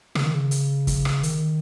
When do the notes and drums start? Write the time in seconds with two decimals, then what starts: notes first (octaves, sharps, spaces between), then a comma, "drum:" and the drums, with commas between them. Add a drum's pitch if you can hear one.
0.15 C#3, drum: rim click
0.25 D#3
0.35 C#3
0.51 drum: hi-hat
0.87 drum: kick, hi-hat
1.05 drum: rim click
1.23 D#3, drum: hi-hat